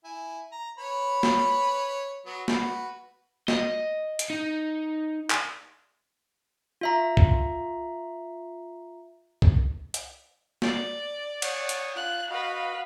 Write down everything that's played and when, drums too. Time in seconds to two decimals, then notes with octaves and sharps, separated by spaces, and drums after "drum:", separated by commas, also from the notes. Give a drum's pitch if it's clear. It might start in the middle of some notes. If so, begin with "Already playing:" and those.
0.04 E4 G#5
0.52 A#5
0.78 B4 C#5 B5
1.23 drum: snare
2.26 F#3 B3
2.48 F#4 B4, drum: snare
3.48 D#5, drum: snare
4.19 drum: hi-hat
4.30 D#4
5.30 drum: clap
6.81 F4 E5 A#5
7.17 drum: kick
9.42 drum: kick
9.94 drum: hi-hat
10.62 D5, drum: snare
11.42 C#5 F#5 D#6, drum: cymbal
11.69 drum: hi-hat
11.96 F4 F#6
12.30 F#4 B4 D#5 F5 B5